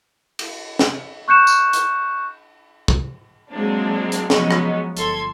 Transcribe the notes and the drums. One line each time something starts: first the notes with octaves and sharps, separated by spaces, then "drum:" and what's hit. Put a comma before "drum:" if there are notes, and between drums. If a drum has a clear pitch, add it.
drum: cymbal
drum: snare
C#6 F#6 G6 C#7 E7
drum: tambourine
drum: hi-hat
drum: kick
F#3 G#3 A#3 C4 D4
drum: hi-hat
F3 F#3 G#3 B3 C#4 D#4, drum: snare
drum: rim click
G1 A4 C6 G#6, drum: hi-hat